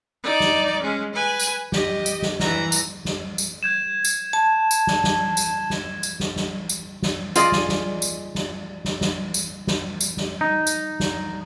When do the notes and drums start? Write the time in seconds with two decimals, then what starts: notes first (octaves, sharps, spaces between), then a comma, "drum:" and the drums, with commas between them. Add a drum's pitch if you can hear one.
0.23 D#4 D5
0.40 drum: snare
0.82 G#3 C#4
1.14 B4 G#5
1.40 drum: tambourine
1.72 G4 D#5, drum: snare
2.06 drum: tambourine
2.22 drum: snare
2.40 E3 A#5, drum: snare
2.72 drum: tambourine
3.05 drum: snare
3.38 drum: tambourine
3.63 G6 G#6 E7
4.04 drum: tambourine
4.33 A5
4.71 drum: tambourine
4.87 drum: snare
5.04 drum: snare
5.37 drum: tambourine
5.70 drum: snare
6.03 drum: tambourine
6.20 drum: snare
6.36 drum: snare
6.69 drum: tambourine
7.02 drum: snare
7.36 F4 G#4 D5 D#5, drum: tambourine
7.52 drum: snare
7.69 drum: snare
8.02 drum: tambourine
8.35 drum: snare
8.85 drum: snare
9.01 drum: snare
9.34 drum: tambourine
9.67 drum: snare
10.00 drum: tambourine
10.17 drum: snare
10.41 D#4
10.67 drum: tambourine
11.00 drum: snare